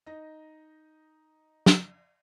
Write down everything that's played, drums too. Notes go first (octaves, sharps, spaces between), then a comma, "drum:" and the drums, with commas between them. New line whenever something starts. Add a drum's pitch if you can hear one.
D#4 D#5 A#6
drum: snare